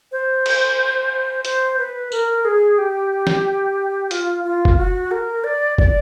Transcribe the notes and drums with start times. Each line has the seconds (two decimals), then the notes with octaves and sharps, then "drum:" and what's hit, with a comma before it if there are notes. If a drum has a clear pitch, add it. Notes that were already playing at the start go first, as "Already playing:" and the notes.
0.12 C5
0.46 drum: cymbal
1.45 C5, drum: hi-hat
1.79 B4
2.12 A#4, drum: tambourine
2.45 G#4
2.78 G4
3.27 drum: snare
4.11 F4, drum: hi-hat
4.45 F4
4.65 drum: kick
4.78 F#4
5.11 A#4
5.44 D5
5.78 D5, drum: kick